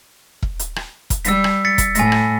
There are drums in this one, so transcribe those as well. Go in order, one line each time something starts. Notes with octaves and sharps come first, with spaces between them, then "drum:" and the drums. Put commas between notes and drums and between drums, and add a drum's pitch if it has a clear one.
drum: kick E1
drum: hi-hat
drum: rim click
drum: kick E1, hi-hat
G3 E6 B6, drum: hi-hat
drum: rim click
A6 B6 C#7
drum: kick E1, hi-hat
A2 G#5 A#6, drum: hi-hat
drum: rim click